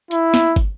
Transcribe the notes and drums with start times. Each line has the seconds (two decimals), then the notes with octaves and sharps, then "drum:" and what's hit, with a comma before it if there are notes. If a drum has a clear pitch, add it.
0.11 E4, drum: hi-hat
0.34 drum: snare
0.56 drum: kick, hi-hat